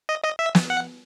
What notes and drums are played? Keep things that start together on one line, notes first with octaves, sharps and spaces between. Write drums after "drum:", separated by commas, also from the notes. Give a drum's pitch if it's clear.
D#5
D#5
E5
drum: snare
F#5